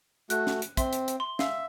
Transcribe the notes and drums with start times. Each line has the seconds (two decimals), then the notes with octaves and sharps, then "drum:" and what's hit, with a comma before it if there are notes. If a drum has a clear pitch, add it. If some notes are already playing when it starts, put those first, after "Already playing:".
0.30 A3 F#4 F#6, drum: hi-hat
0.47 drum: snare
0.62 drum: hi-hat
0.77 C4 E5 C6, drum: kick, hi-hat
0.93 drum: hi-hat
1.08 drum: hi-hat
1.20 C6
1.39 E5 F5, drum: snare